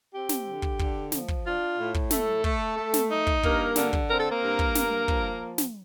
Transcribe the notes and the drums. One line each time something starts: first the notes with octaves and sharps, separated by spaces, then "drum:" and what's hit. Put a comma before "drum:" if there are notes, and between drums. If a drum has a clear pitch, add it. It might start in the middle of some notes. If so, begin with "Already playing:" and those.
C4 G4
drum: snare
D3
drum: kick
D3, drum: kick
F3, drum: snare
drum: kick
D4 F4
A2
drum: kick
A2 A3 A4, drum: snare
A3, drum: kick
A3
drum: snare
D#4
drum: kick
G2 A#3 A#4, drum: kick
D3, drum: snare
drum: kick
C4 A#4
A4
A#3 A#4
G2
drum: kick
G2, drum: snare
F3, drum: kick
drum: snare